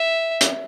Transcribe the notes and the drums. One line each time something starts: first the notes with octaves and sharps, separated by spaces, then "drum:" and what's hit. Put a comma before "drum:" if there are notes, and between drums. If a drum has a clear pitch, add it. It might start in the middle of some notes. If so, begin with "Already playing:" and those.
Already playing: E5
drum: hi-hat